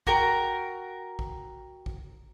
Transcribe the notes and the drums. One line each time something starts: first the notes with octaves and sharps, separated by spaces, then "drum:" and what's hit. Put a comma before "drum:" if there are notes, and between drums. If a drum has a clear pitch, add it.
F#4 A#4 G5 A#5, drum: kick A1
drum: kick A1
drum: kick A1